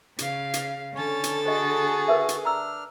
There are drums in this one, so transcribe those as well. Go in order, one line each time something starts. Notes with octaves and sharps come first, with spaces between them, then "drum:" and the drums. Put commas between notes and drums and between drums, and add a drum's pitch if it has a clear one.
C#3 F5, drum: hi-hat
drum: hi-hat
D3 C#4 A4 C#5 A6
drum: hi-hat
F#4 G#4 C5 D#5
A#4 B4 E5
drum: hi-hat
D4 A#5 E6 F6